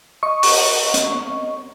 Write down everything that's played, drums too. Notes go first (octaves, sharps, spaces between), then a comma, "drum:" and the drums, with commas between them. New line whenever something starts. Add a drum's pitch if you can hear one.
D#5 C#6
drum: open hi-hat
drum: hi-hat